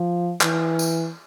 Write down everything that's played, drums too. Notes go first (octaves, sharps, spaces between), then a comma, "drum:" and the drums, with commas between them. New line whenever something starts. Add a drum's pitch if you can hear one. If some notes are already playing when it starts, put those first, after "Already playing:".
Already playing: F3
E3, drum: clap
drum: tambourine